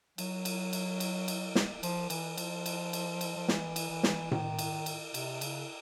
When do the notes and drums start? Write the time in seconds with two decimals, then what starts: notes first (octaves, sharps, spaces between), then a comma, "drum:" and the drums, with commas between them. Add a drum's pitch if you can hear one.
0.18 F#3, drum: cymbal
0.45 drum: cymbal
0.73 drum: cymbal
1.00 drum: cymbal
1.28 drum: cymbal
1.55 drum: snare
1.83 F3, drum: cymbal
2.10 E3, drum: cymbal
2.37 F3, drum: cymbal
2.66 drum: cymbal
2.93 drum: cymbal
3.21 drum: cymbal
3.37 F3
3.48 E3, drum: snare
3.76 drum: cymbal
3.90 E3
4.03 drum: snare
4.31 D#3, drum: tom A2
4.59 drum: cymbal
4.86 drum: cymbal
5.14 C3, drum: cymbal
5.41 C#3, drum: cymbal